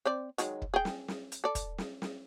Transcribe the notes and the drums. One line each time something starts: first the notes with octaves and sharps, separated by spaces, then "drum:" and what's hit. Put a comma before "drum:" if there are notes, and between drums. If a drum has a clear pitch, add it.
C4 C5 D5
D#3 F#3 G#3, drum: hi-hat
drum: kick
G#4 G5
drum: snare
drum: snare
drum: hi-hat
A4 D5
drum: kick, hi-hat
drum: snare
drum: snare